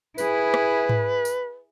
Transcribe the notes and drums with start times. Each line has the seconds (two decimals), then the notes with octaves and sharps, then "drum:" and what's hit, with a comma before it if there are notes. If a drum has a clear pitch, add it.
0.18 E4 G#4 B4, drum: tambourine
0.54 drum: rim click
0.89 drum: tom G#2
1.25 drum: tambourine